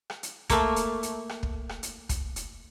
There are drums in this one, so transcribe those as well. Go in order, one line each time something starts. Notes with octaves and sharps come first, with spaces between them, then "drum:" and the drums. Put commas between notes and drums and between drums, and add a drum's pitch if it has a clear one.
drum: rim click
drum: hi-hat
A3 A#3, drum: kick, hi-hat
drum: hi-hat
drum: hi-hat
drum: rim click
drum: kick
drum: rim click
drum: hi-hat
drum: kick, hi-hat
drum: hi-hat